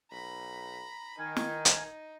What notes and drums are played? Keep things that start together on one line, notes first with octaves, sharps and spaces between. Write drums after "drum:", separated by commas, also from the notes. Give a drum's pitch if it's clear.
B1 A#5 B5
D#3 D#4 A#4 G#5
drum: snare
drum: hi-hat